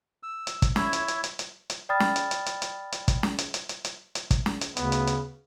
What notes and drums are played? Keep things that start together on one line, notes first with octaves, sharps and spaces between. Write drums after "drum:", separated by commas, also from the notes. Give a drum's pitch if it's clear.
E6
drum: hi-hat
drum: kick, hi-hat
E4 C#5 E5, drum: snare
drum: hi-hat
drum: hi-hat
drum: hi-hat
drum: hi-hat
drum: hi-hat
D5 G5 B5 D#6 F6 A6
drum: snare
drum: hi-hat
drum: hi-hat
drum: hi-hat
drum: hi-hat
drum: hi-hat
drum: kick, hi-hat
drum: snare
drum: hi-hat
drum: hi-hat
drum: hi-hat
drum: hi-hat
drum: hi-hat
drum: kick, hi-hat
drum: snare
drum: hi-hat
D2 C#3 B3, drum: hi-hat
drum: hi-hat
drum: hi-hat